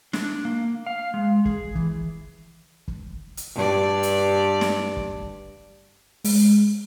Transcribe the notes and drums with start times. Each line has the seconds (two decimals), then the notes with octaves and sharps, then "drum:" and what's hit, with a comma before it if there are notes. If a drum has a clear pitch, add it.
0.13 D4, drum: snare
0.45 A#3
0.86 F5
1.14 G#3
1.45 G#4, drum: kick
1.75 E3, drum: kick
2.88 drum: kick
3.37 drum: hi-hat
3.55 G2 D5
4.03 drum: hi-hat
4.61 drum: snare
4.97 drum: kick
6.24 G#3, drum: open hi-hat